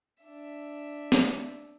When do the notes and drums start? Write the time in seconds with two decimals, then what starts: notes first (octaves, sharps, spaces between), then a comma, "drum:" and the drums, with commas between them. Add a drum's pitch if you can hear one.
0.23 D4 E5
1.12 drum: snare